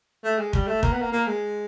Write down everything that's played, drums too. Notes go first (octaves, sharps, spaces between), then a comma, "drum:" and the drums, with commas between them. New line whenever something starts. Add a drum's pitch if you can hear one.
A3
G#3
G3, drum: kick
A3
A#3, drum: kick
B3
A#3
A#3
G#3